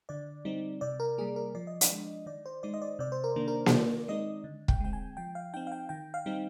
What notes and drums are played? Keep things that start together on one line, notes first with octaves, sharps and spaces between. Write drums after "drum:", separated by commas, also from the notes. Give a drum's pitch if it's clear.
D3 D5
G3 C4 D#4
C3 D5
A#4
G3 A#3 G#4
A#4
F3 D5
D#5
D5, drum: hi-hat
G#3 D4
D#3 D5
C5
G#3 D#4 D5
D#5
D5
C3 D5
C5
A#4
D#3 A#3 D4
A#4
C5, drum: snare A#3
D#3 D5
G#3 C4 D#4 D#5
D3
G5, drum: kick
G#3 C4 G5
G#5
F3 G5
F5
C4 D#4 G5
F5
G5
D#3 G5
F5
G3 C4 D#4